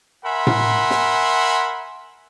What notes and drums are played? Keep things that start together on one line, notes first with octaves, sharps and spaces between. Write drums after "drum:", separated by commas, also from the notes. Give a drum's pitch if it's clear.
A#4 E5 F#5 G#5 B5 C6
drum: tom A2
drum: snare